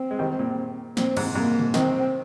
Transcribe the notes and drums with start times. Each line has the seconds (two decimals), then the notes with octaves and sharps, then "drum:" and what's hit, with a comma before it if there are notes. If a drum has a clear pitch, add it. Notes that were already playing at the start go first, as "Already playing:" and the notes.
Already playing: C4
0.11 G#3
0.19 D#3 G3
0.39 A#2
0.97 A#2 C4, drum: snare
1.17 G#2 C3, drum: cymbal
1.35 G#2 C3 A#3
1.59 drum: tom A#2
1.74 C3 D#3 C4, drum: snare